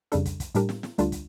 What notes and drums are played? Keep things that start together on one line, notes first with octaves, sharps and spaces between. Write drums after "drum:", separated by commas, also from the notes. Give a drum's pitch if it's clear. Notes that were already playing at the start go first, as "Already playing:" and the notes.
F2 C#3 G3 D4 A4, drum: hi-hat
drum: kick, hi-hat
drum: kick, hi-hat
A2 G3 D4 G4 A#4, drum: hi-hat
drum: snare
drum: snare
D2 D3 G3 D4 F4, drum: hi-hat
drum: kick, hi-hat